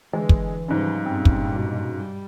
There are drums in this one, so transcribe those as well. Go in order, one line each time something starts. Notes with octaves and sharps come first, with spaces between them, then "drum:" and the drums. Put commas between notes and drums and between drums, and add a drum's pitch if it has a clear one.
D3 E3 G#3
drum: kick
G#2 C#3 F3 G3
G2 A#2 C4
drum: kick
B2
G3